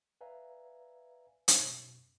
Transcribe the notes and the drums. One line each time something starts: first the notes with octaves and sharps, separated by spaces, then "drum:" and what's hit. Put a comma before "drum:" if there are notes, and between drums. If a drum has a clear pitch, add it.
B4 D5 E5 F5 G#5 A#5
drum: hi-hat
F#2 B2